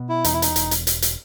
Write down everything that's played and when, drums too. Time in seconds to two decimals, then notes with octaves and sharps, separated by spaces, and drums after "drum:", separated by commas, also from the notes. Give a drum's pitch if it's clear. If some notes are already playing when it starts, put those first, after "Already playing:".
Already playing: B2
0.09 E4
0.24 E2 D#4, drum: hi-hat
0.34 E4
0.42 D#4, drum: hi-hat
0.56 E1, drum: hi-hat
0.71 drum: hi-hat
0.87 drum: hi-hat
1.02 drum: hi-hat